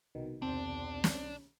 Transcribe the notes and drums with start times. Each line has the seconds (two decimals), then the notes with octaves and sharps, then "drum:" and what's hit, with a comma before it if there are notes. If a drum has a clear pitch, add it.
0.15 C2 B2 D#3
0.42 E2 C4 D4
1.04 drum: snare